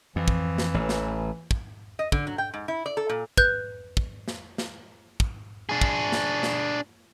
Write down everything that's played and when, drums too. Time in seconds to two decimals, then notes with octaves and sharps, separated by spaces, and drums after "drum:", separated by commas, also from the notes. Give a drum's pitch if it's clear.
0.16 F2 E3
0.28 drum: kick
0.58 drum: snare
0.74 A1
0.89 drum: snare
1.51 drum: kick
1.99 D#5
2.12 D3, drum: kick
2.27 F#3
2.38 G5
2.54 G#2
2.68 E4
2.86 D5
2.97 A4
3.09 A#2
3.37 B4 F#6 G6, drum: kick
3.97 drum: kick
4.28 drum: snare
4.58 drum: snare
5.20 drum: kick
5.69 D4 G#4
5.81 drum: kick
6.12 drum: snare
6.43 drum: snare